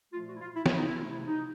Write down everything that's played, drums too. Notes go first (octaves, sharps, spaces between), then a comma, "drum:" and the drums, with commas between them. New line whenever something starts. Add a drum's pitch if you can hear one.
A#2 F3 A3 F4
F#4
E4
F4
E4
E4, drum: snare
D#4
E4
C3 F3 A3 F4
E4
D#4